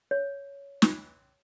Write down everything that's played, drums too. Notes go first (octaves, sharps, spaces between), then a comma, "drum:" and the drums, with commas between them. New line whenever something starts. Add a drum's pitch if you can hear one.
C#5
drum: snare